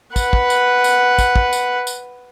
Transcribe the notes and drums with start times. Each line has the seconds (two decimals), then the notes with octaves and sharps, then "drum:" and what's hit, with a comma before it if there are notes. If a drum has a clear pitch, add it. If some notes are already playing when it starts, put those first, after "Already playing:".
0.16 B4 F#5, drum: kick, tambourine
0.33 drum: kick
0.50 drum: tambourine
0.84 drum: tambourine
1.18 drum: kick, tambourine
1.36 drum: kick
1.53 drum: tambourine
1.87 drum: tambourine